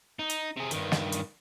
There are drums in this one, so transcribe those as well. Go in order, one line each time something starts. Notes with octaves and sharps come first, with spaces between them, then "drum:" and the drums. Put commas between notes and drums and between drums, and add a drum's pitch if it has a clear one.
D#4
drum: hi-hat
C3 G#4
G2 D#3, drum: hi-hat
drum: snare
drum: hi-hat